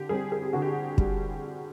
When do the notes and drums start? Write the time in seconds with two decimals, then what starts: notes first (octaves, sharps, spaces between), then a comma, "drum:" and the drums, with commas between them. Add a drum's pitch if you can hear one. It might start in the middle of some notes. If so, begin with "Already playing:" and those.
Already playing: D3 G4
0.09 G3 C4 G#4
0.32 G#4
0.42 G4
0.53 D3 F#4
0.62 G4
0.98 G3, drum: kick